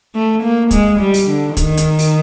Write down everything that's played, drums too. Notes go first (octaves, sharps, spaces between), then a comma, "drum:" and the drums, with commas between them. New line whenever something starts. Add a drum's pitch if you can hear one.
A3
A#3
G#3, drum: kick, hi-hat
G3
drum: open hi-hat
D3
D#3, drum: kick, hi-hat
drum: hi-hat
drum: open hi-hat